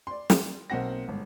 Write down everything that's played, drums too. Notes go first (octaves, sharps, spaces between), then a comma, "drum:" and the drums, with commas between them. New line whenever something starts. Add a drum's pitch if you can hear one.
D5 C6
drum: snare
B1 A#3 C4 F#5 A#6
G1 G#2